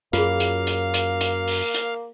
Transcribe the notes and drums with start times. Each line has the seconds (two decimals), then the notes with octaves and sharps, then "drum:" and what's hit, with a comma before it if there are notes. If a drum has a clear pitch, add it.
0.13 F#2 A#3 F4 G#4 F5, drum: hi-hat
0.40 drum: hi-hat
0.67 drum: hi-hat
0.94 drum: hi-hat
1.21 drum: hi-hat
1.48 drum: open hi-hat
1.75 drum: hi-hat